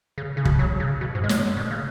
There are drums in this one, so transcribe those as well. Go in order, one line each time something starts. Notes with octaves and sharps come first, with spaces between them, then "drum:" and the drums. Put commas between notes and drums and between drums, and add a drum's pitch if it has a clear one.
C#3
C#3
B2, drum: kick
F#3
C#3
B2
G#2
G#3
F#3, drum: snare
B2
C#3